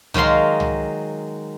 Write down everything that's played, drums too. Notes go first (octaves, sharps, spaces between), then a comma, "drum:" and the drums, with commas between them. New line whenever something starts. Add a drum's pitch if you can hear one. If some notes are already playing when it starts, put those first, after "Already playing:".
D#3 F#3 G#3 F5 C6, drum: tom
drum: tom